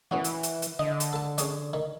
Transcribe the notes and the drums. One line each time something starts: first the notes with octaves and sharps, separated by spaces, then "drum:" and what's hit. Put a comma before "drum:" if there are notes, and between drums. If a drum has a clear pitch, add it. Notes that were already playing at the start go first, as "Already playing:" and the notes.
E3 B3 C#4 F#4
drum: hi-hat
drum: hi-hat
drum: hi-hat
D3 D#5
drum: hi-hat
A4 A5
C#4 G#4 D5, drum: hi-hat
D#3